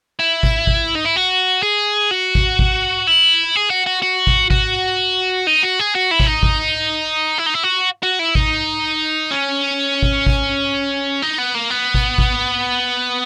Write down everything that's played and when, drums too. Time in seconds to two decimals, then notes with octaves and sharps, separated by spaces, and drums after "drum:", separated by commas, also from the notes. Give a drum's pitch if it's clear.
0.20 E4
0.43 drum: kick G#1
0.67 drum: kick G#1
0.95 D#4
1.05 E4
1.16 F#4
1.63 G#4
2.11 F#4
2.35 drum: kick G#1
2.59 drum: kick G#1
3.07 E4
3.56 G#4
3.70 F#4
3.87 F#4
4.02 F#4
4.27 drum: kick G#1
4.51 F#4, drum: kick G#1
5.47 D#4
5.63 F#4
5.79 G#4
5.95 F#4
6.11 E4
6.20 C#4, drum: kick G#1
6.26 D#4
6.43 drum: kick G#1
7.38 E4
7.46 D#4
7.54 E4
7.63 F#4
8.03 F#4
8.19 E4
8.35 D#4, drum: kick G#1
9.31 C#4
10.03 drum: kick G#1
10.27 drum: kick G#1
11.22 D#4
11.38 B3
11.55 A#3
11.70 B3
11.94 drum: kick G#1
12.18 drum: kick G#1